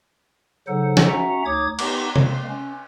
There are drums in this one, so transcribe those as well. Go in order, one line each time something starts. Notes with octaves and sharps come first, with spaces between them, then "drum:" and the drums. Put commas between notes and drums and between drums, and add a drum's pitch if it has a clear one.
C#3 F#3 D#4 A4 C5 F#5
drum: snare
C#4 F#4 E5 F#5 A#5
D2 D#4 C#5 D6 D#6 G#6
B3 D#4 G4, drum: cymbal
G#3 A#3, drum: tom C3
C#4